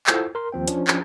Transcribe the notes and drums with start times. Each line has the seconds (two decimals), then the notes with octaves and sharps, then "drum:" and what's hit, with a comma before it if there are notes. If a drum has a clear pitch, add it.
0.07 E4 F4 A4 C5 F#5 E6, drum: clap
0.35 A#4 C6
0.52 D#2 F3 C4 G5
0.68 F3 C#4 D4, drum: hi-hat
0.88 drum: clap